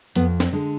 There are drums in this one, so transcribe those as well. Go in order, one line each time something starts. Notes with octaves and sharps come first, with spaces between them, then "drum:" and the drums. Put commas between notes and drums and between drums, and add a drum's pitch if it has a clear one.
F2 B3, drum: hi-hat
C4, drum: snare
D3 G#3